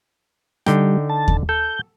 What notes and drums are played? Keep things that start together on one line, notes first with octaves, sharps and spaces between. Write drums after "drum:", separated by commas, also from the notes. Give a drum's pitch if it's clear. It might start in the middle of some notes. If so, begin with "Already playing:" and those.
D3 G3 D#4 G5, drum: rim click
A5
drum: kick D#2
A4 G6